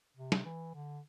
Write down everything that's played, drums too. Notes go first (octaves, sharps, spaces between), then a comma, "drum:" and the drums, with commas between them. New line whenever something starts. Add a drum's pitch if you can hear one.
C3
drum: snare
E3
D3